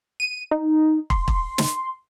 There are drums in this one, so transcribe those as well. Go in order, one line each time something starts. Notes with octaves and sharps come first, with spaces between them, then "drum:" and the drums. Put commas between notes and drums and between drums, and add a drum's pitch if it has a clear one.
D#7
D#4
C6, drum: kick
drum: kick
drum: snare